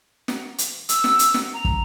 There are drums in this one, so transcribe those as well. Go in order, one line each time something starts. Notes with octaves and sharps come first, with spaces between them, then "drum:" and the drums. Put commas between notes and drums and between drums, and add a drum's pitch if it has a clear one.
drum: snare
drum: hi-hat
E6, drum: hi-hat
drum: snare
drum: hi-hat
drum: snare
A#5
drum: kick